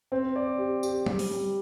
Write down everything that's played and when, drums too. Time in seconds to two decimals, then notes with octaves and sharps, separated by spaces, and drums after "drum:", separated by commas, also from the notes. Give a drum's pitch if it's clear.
0.12 C4
0.36 D5
0.59 G4
0.83 G4, drum: tambourine
1.06 G3, drum: tom F#3
1.19 drum: open hi-hat
1.31 G3